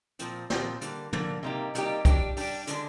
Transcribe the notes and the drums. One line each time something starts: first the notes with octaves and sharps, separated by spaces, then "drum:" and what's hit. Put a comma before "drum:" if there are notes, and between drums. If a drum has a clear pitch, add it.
A#2 F3 C4, drum: hi-hat
A#2 F3 C4, drum: snare
D3 G3 A#3, drum: hi-hat
D3 G3 A#3, drum: tom
C3 G3 A#3 D#4 G4
C3 G3 A#3 D#4 G4, drum: hi-hat
G3 D4 G4, drum: kick, hi-hat
G3 D4 G4, drum: open hi-hat
D3 G#3 D4, drum: hi-hat